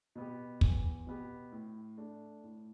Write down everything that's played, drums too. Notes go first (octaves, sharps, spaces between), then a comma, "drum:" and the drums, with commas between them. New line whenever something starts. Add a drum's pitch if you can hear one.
B2 B3 G4
E2, drum: kick
B2 B3 G4
A2
A3 D4
A2